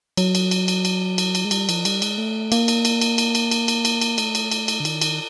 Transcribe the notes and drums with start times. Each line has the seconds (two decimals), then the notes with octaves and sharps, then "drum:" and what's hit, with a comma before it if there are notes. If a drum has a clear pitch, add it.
0.17 F#3, drum: cymbal
0.35 drum: cymbal
0.51 drum: cymbal
0.68 drum: cymbal
0.85 drum: cymbal
1.18 drum: cymbal
1.35 drum: cymbal
1.45 G#3
1.51 G3, drum: cymbal
1.69 F3, drum: cymbal
1.85 G3, drum: cymbal
2.02 G#3, drum: cymbal
2.18 A3
2.52 A#3, drum: cymbal
2.68 drum: cymbal
2.85 drum: cymbal
3.01 drum: cymbal
3.18 drum: cymbal
3.35 drum: cymbal
3.51 drum: cymbal
3.68 drum: cymbal
3.85 drum: cymbal
4.01 drum: cymbal
4.18 A3, drum: cymbal
4.35 drum: cymbal
4.51 drum: cymbal
4.68 drum: cymbal
4.80 D3
4.85 D#3, drum: cymbal
5.01 drum: cymbal